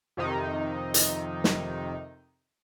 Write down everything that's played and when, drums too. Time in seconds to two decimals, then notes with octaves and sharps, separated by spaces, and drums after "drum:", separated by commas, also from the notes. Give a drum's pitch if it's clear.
0.17 F2 C3 D#3 D#4
0.94 drum: hi-hat
1.44 drum: snare